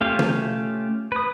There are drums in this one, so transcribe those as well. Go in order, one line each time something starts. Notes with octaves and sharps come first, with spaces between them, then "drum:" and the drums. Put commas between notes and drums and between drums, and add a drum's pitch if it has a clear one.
A3 C#4 F4 G4 F5
drum: tom
B4 D#6